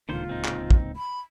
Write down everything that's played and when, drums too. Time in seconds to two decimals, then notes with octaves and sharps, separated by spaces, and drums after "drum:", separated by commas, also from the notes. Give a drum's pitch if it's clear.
0.09 D1 C#2 A#2 D3 D#3 F4 C5
0.29 C4 D#4
0.45 drum: clap
0.71 drum: kick
0.96 B5